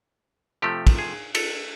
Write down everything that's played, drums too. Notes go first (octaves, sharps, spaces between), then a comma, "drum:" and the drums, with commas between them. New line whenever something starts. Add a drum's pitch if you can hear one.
C3 F3 A3 G4
drum: kick, cymbal
G#4
A4, drum: cymbal